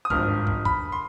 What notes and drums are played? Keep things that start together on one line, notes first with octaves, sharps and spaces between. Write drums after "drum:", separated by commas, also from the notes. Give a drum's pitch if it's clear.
D#6
G#1 G2 F3 F6, drum: kick
drum: kick
B5, drum: kick
C6